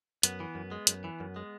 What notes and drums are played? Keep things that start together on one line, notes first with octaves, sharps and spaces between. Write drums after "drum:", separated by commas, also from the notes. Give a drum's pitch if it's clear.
F#2 B3, drum: hi-hat
E3
F#2
G#3
F#2, drum: hi-hat
E3
F#2
G#3